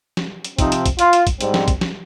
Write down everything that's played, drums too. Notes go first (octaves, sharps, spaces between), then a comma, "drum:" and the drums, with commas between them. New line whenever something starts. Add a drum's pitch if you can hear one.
drum: snare
drum: hi-hat
C3 F3 C4 D#4, drum: kick, hi-hat
drum: hi-hat
drum: kick, hi-hat
F4, drum: hi-hat
drum: hi-hat
drum: kick, hi-hat
G#2 G3 C4, drum: hi-hat
drum: snare
drum: kick, hi-hat
drum: snare